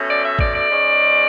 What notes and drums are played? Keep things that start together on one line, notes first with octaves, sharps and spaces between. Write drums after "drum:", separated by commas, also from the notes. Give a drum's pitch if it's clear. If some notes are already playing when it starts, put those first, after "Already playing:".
Already playing: B2 A3 C#4
D5
E5
D5, drum: kick
D5
G#2 G#3 C#4